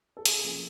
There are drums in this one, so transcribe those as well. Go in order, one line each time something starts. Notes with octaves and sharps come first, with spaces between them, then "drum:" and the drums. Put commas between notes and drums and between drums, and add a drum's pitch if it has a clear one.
A4
C3 G#4, drum: hi-hat
F3 A#3 C#4 F4